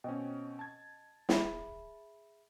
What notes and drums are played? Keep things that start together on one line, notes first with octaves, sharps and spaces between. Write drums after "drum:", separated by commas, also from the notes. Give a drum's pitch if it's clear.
B2 C4 C#4 D#5 G5
A5 G#6
G#4 E5 B5, drum: snare